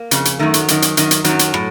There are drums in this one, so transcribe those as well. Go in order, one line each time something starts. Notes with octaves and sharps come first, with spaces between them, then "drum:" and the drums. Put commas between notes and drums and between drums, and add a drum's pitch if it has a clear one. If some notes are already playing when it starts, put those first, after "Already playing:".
Already playing: A#3
F2 C#3, drum: hi-hat
drum: hi-hat
F#2 D#3 A3
F#3, drum: hi-hat
F#2 D#3, drum: hi-hat
drum: hi-hat
F#2 D#3, drum: hi-hat
drum: hi-hat
F#2 D#3 F#3, drum: hi-hat
drum: hi-hat
A2, drum: rim click